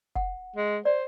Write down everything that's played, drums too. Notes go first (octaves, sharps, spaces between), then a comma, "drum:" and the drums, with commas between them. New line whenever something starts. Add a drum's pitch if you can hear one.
F#5, drum: kick F1
G#3
C5 D5